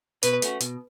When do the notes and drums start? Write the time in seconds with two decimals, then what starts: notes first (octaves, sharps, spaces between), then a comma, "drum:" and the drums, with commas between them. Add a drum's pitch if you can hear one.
0.23 B2 B4, drum: hi-hat
0.42 A3 C#4 F#4, drum: hi-hat
0.60 B2, drum: hi-hat